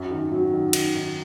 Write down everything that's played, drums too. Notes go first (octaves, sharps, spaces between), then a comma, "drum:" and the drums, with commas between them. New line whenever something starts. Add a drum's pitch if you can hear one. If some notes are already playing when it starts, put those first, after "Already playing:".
Already playing: F#2
D#3
F#3
D#3
D#3, drum: cymbal
D#3